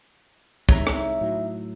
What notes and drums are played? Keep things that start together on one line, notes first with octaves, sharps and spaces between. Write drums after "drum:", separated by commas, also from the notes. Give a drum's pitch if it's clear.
C2 G#3 D#4 C#5 E5 A#5, drum: kick
drum: rim click
A2 F#3